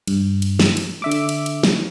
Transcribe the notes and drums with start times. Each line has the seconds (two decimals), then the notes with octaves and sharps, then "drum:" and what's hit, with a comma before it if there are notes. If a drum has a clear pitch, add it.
0.08 G2, drum: cymbal
0.42 drum: cymbal
0.59 drum: snare
0.77 drum: cymbal
1.02 D3 E5 D6
1.11 drum: cymbal
1.29 drum: cymbal
1.46 drum: cymbal
1.63 drum: snare